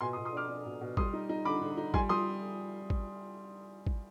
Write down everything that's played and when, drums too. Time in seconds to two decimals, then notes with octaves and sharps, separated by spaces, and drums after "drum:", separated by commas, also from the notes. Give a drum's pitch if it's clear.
0.01 B2 G#5 C6
0.13 C6 D#6
0.17 B2
0.25 C6 D#6
0.33 D4 D6 F6
0.50 D4
0.66 B2
0.81 B2
0.97 G3 C6 D#6, drum: kick G#1
1.13 D#4
1.29 D#4
1.45 D3 B5 D6
1.61 D3
1.77 D#4
1.94 G3 G#5 C6, drum: kick G#1
2.09 G3 C6 D#6
2.90 drum: kick G#1
3.87 drum: kick G#1